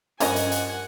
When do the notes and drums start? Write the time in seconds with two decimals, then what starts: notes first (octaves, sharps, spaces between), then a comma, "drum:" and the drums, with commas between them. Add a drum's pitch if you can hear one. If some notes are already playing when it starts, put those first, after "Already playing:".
0.20 G2 F3 C#4 A#4 D#5 F#5 G#5, drum: hi-hat
0.36 drum: hi-hat
0.52 drum: hi-hat